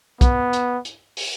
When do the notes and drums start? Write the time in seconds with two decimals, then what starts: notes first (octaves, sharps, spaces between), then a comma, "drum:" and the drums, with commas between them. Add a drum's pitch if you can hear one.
0.21 B3, drum: kick, hi-hat
0.53 drum: hi-hat
0.85 drum: hi-hat
1.17 drum: open hi-hat